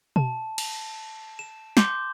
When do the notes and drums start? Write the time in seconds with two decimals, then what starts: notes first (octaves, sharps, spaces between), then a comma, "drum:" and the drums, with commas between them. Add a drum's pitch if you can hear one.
0.16 A5, drum: tom B2
0.58 drum: cymbal
1.39 E7
1.77 C6 D6 G6, drum: snare